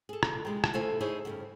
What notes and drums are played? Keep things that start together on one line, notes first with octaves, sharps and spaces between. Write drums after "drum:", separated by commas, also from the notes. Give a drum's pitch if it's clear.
G#4 A4
drum: rim click
G#3 G4
drum: rim click
A3 E4 A4 C5 F5 G#5
D#4 E4 G#4 C5 C#5
D2 G2 C#3